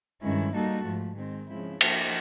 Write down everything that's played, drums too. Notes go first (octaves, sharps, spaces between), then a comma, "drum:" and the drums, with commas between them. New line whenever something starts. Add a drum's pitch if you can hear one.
G2 D#3 G#3 C#4 E4
G3 A#3 D#4 F#4 A4
G#2 F3 A3
D#3 G#3 C4
C#3 F3 G#3 C4 E4
F3 A#3 D4 F#4 A#4, drum: cymbal